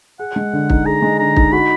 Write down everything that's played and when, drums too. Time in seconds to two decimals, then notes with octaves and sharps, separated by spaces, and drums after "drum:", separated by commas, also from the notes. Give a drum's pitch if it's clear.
0.19 G#4 F#5
0.36 G#3
0.53 D3
0.70 D#4, drum: kick
0.86 G#4 A#5
1.02 G#3
1.20 D3 A#5
1.36 D#4, drum: kick
1.53 F#4 B5